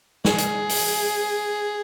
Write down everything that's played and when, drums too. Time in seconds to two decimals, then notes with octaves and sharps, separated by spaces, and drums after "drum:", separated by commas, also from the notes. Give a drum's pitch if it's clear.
0.25 G#4, drum: snare
0.38 drum: hi-hat
0.69 drum: open hi-hat